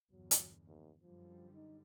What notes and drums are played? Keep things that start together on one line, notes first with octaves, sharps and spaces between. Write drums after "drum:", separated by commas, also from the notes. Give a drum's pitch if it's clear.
G1 E2 F#3
drum: hi-hat
D#2
F#2 D3 F3 G3
D#4